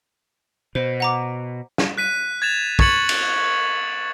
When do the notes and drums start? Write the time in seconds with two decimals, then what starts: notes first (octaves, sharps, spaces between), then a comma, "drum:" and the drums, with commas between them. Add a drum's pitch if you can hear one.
0.75 B2 C5
1.00 F#5 A#5 D6
1.78 drum: snare
1.98 F#6 B6 D#7
2.42 G#6 A6 E7 F7
2.79 C#6 G#6 A6 C#7 F#7, drum: kick
3.09 drum: cymbal